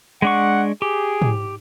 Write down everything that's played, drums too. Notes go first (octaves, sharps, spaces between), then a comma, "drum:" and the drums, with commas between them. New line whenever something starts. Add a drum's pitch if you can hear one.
G#3 D4 F#5 C#6
G4 G#4
drum: tom